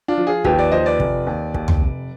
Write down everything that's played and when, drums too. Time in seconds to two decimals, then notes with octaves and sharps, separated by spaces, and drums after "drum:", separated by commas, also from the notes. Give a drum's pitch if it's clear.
0.08 D4 F4
0.17 F3
0.27 F4 G#4
0.44 D#2 G4 B4, drum: kick
0.58 B4 D5
0.72 F3 C5 D#5
0.86 B4 D5
1.00 F1, drum: kick
1.27 D#2
1.54 D#2, drum: kick
1.68 drum: tom
1.81 F1